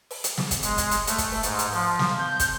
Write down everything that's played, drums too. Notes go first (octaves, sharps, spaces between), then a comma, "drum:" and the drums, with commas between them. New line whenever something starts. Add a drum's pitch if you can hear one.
drum: open hi-hat
drum: hi-hat
drum: snare
drum: kick, hi-hat
G#3, drum: hi-hat
drum: kick, hi-hat
drum: hi-hat
A3, drum: hi-hat
drum: kick, hi-hat
drum: open hi-hat
G#2, drum: hi-hat
drum: hi-hat
F3, drum: open hi-hat
drum: snare
G6
drum: kick, hi-hat